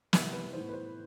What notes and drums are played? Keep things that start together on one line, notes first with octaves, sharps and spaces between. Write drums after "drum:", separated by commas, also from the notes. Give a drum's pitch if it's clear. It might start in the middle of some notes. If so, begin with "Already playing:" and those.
C3 E3 G3 B3 E5, drum: snare
E5
B4
B4
A2 E3 B3 C5
B4
C5